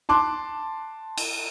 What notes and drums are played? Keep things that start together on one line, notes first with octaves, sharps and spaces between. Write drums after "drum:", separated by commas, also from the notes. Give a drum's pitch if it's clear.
A5 C6 D6 F#6
drum: cymbal